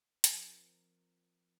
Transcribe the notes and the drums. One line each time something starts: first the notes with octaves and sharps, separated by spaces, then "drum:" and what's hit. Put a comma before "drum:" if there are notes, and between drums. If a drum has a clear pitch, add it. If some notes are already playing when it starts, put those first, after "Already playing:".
F3 C4 A#4, drum: hi-hat